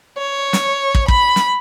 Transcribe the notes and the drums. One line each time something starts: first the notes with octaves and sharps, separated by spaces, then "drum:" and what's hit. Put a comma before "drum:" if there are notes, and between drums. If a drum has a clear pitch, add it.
C#5
drum: snare
drum: kick
B5, drum: kick
drum: snare